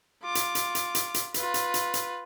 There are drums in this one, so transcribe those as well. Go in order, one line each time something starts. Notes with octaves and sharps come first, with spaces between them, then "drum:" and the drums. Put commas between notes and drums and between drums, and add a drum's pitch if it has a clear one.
F4 D6
drum: hi-hat
drum: hi-hat
drum: hi-hat
drum: hi-hat
drum: hi-hat
F4 B4, drum: hi-hat
drum: hi-hat
drum: hi-hat
drum: hi-hat